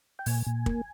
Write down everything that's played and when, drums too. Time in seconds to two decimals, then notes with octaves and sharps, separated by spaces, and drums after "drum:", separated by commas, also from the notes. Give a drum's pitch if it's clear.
0.19 G5
0.26 A#2 G#5, drum: open hi-hat
0.47 A#2
0.66 A#3, drum: kick